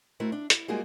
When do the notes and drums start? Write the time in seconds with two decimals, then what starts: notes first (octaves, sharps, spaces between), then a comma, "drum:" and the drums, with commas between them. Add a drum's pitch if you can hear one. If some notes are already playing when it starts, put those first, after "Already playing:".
0.20 A3 C4 E4 F#4 A#4
0.32 D4
0.50 E4, drum: hi-hat
0.68 G3 G#3 A#3 F4 F#4 G#4